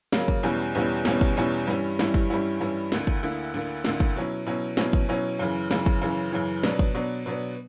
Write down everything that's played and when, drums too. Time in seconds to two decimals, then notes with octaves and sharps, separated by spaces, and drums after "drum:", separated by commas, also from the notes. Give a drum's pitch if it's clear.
0.13 C#3 F#3 A#3, drum: snare
0.28 drum: kick
0.43 E2 B2 G3 C#4 E4
0.75 E2 B2 G3 C#4 E4
1.05 E2 B2 G3 C#4 E4, drum: snare
1.21 drum: kick
1.37 E2 B2 G3 C#4 E4
1.67 G2 E3 G3 C#4 E4
1.99 G2 E3 G3 C#4 E4, drum: snare
2.14 drum: kick
2.30 G2 E3 G3 C#4 E4
2.60 G2 E3 G3 C#4 E4
2.92 D2 D3 A#3 E4, drum: snare
3.07 drum: kick
3.23 D2 D3 A#3 E4
3.54 D2 D3 A#3 E4
3.84 D2 D3 A#3 E4, drum: snare
4.00 drum: kick
4.16 B2 F#3 C#4 E4
4.46 B2 F#3 C#4 E4
4.77 B2 F#3 C#4 E4, drum: snare
4.93 drum: kick
5.09 B2 F#3 C#4 E4
5.39 F#2 C#3 E3
5.71 F#2 C#3 E3, drum: snare
5.86 drum: kick
6.02 F#2 C#3 E3
6.32 F#2 C#3 E3
6.63 B2 F#3 B3 D4, drum: snare
6.79 drum: kick
6.94 B2 F#3 B3 D4
7.26 B2 F#3 B3 D4